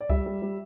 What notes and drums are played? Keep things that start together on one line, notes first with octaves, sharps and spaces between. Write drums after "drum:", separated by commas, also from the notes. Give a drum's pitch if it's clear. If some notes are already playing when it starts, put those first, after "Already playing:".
D5
G3 E5, drum: kick C#2
G3
G3